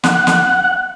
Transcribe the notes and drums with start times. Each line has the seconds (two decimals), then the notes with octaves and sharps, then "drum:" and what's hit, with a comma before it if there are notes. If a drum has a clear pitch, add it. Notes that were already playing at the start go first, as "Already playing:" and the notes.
0.04 F#5, drum: snare
0.27 drum: snare